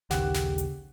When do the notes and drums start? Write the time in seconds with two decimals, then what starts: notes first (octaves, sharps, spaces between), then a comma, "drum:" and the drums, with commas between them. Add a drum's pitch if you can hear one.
0.11 A#1 D#2 C#3 G4 F#5, drum: snare
0.34 drum: snare
0.58 drum: hi-hat